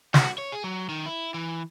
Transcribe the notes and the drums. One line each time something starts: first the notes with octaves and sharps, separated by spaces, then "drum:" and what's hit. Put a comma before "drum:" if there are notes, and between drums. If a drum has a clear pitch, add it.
F#4, drum: snare
C#5
G#4
F#3
D#3
E4
E3